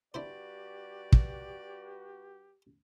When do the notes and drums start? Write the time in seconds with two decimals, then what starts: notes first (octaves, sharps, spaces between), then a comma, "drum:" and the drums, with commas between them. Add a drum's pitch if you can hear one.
0.14 G2 D4 E4 F#4 G4 B4 C5 D5
1.12 drum: kick